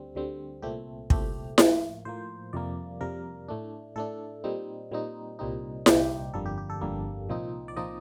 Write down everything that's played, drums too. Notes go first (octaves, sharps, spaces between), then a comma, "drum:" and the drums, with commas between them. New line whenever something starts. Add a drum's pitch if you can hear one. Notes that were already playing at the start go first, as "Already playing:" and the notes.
Already playing: D2 D3 G3 C4
D2 D3 G3 C4
C2 A#2 A3 C4 G4
C2 A#2 A3 C4 G4, drum: kick
A2 F3 A#3, drum: snare E4
A2 F3 A#3 C5
F2 C3 G3 A#3 D5
F2 C3 G3 A#3 A#4
A2 A3 D4
A2 A3 D4 A4
A#2 G3 C4 D#4
A#2 G3 C4 D#4
C2 A#2 G3 C4 D#4
C2 A#2 G3 C4 D#4 G4, drum: snare E4
G1 F2 D3 G3 A#3 A4
G4
G4
A4
G1 F2 D3 G3 A#3
C2 A#2 F3 C4 D#4
D5
A#2 F3 C4 D#4 D#5